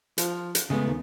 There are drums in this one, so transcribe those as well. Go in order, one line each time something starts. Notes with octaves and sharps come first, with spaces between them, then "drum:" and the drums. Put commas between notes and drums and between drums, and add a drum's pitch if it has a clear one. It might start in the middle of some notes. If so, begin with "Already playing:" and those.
F3, drum: hi-hat
drum: hi-hat
C#3 G#3 A3 B3
D#2